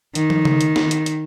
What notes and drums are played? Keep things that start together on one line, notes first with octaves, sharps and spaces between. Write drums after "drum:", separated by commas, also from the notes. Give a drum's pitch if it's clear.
D#3, drum: hi-hat
drum: tom
drum: tom C#3
drum: hi-hat
drum: snare
drum: hi-hat
drum: hi-hat